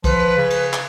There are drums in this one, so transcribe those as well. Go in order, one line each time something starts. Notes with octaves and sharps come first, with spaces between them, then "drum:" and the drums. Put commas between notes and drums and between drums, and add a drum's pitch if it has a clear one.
F3 B4, drum: kick B1, cymbal
C#3
drum: cymbal
drum: clap